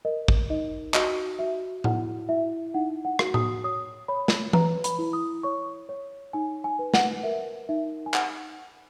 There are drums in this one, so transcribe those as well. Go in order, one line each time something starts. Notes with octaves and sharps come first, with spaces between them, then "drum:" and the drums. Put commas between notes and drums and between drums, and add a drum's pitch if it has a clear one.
A#4 D#5
drum: kick
D#4 D#5
F#4 D#5, drum: clap
F#4 E5
E4 F#5, drum: tom A2
E4 E5
D#4 F#5
F#5
F#4, drum: rim click
D#6, drum: tom A2
C#5 D#6
C#5 B5
drum: snare
B4 A#5, drum: tom E3
B5, drum: hi-hat
E4
D#6
C#5 C#6
C#5
D#4 G#5
G#5
B4
F#5, drum: snare
A#4 E5
D#4 E5
G#5
D#4 F#5, drum: clap